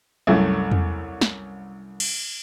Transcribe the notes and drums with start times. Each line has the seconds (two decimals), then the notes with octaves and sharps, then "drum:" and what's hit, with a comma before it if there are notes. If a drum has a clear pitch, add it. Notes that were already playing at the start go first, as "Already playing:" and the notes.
0.27 C2 F#2 A3
0.71 drum: tom E2
1.21 drum: snare
2.00 drum: cymbal